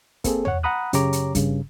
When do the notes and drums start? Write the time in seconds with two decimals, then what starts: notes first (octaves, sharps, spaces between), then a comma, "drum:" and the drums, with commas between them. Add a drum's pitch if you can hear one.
0.24 A#3 C4 G#4 A4, drum: kick, hi-hat
0.45 C#5 F#5, drum: tom
0.63 F#5 A#5 B5 D#6 F#6
0.93 F#2 C#3 G4 C#5 A#5 D6, drum: hi-hat
1.13 drum: hi-hat
1.35 G2 C#3, drum: kick, hi-hat